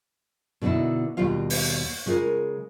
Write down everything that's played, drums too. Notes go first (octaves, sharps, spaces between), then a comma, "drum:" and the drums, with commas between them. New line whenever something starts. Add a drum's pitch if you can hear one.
B2 D3 B3 D#4 E4
D#2 B2 G3 F4 F5
drum: open hi-hat
C#3 G#3 F4 A#4